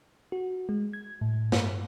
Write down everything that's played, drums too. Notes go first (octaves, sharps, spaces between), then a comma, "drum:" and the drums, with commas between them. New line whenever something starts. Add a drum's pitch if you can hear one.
F#4
G#3
G#6
A2
G2, drum: snare